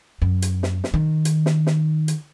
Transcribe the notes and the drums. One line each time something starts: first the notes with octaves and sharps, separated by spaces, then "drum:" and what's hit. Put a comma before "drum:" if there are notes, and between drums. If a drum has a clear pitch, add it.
F#2
drum: hi-hat
drum: snare
drum: snare
D#3
drum: hi-hat
drum: snare
drum: snare
drum: hi-hat